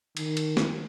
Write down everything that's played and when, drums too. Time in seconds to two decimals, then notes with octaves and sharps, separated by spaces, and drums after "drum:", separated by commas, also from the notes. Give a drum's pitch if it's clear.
0.17 D#3, drum: cymbal
0.37 drum: cymbal
0.57 drum: snare